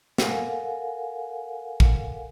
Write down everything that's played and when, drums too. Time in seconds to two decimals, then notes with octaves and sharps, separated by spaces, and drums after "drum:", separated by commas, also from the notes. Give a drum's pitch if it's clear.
0.18 A4 A#4 F5 F#5 G#5, drum: snare
1.80 drum: kick